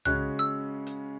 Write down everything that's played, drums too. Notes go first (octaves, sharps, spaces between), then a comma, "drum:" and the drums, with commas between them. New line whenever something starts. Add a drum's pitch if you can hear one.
C#3 G#3 C#4 F#4 F#6, drum: tom C2
E6
drum: hi-hat